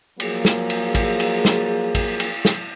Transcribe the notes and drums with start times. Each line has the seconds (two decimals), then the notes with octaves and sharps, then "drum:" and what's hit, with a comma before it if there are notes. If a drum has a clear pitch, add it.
0.20 F3 F#3 A#3 G#4, drum: cymbal
0.45 drum: snare
0.70 drum: cymbal
0.95 drum: kick, cymbal
1.20 drum: cymbal
1.45 drum: snare
1.95 drum: kick, cymbal
2.20 drum: cymbal
2.45 drum: snare